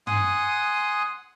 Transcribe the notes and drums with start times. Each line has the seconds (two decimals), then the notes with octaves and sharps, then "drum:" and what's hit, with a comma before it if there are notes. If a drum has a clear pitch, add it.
0.07 F#5 G#5 C6 D#6, drum: tom